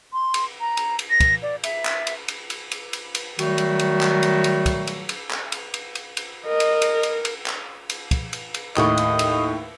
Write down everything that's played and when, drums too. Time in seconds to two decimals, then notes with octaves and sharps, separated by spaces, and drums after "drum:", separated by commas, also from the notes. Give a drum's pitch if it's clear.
0.13 C6
0.34 drum: cymbal
0.60 A#5
0.77 drum: cymbal
0.99 drum: cymbal
1.10 A#6
1.20 drum: kick, cymbal
1.43 D5
1.64 E5, drum: cymbal
1.85 drum: clap
2.07 drum: cymbal
2.28 drum: cymbal
2.50 drum: cymbal
2.71 drum: cymbal
2.93 drum: cymbal
3.15 drum: cymbal
3.39 D#3 F#3 G3 A3 F#4, drum: cymbal
3.58 drum: cymbal
3.79 drum: cymbal
4.01 drum: clap
4.23 drum: cymbal
4.44 drum: cymbal
4.66 drum: kick, cymbal
4.87 drum: cymbal
5.09 drum: cymbal
5.31 drum: clap
5.52 drum: cymbal
5.74 drum: cymbal
5.95 drum: cymbal
6.17 drum: cymbal
6.47 A#4 D#5
6.60 drum: cymbal
6.82 drum: cymbal
7.03 drum: cymbal
7.25 drum: cymbal
7.46 drum: clap
7.90 drum: cymbal
8.11 drum: kick, cymbal
8.33 drum: cymbal
8.54 drum: cymbal
8.77 D#2 A2 D#5 C#6, drum: clap
8.98 drum: cymbal
9.19 drum: cymbal